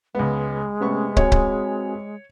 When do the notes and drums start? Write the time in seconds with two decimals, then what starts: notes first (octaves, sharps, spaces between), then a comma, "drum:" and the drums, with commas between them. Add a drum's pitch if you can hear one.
0.15 C#2 G#3 B3
0.81 C3 A3 B3 C#4 C#6
1.17 C4 F#4 C#5 G#5, drum: kick
1.32 drum: kick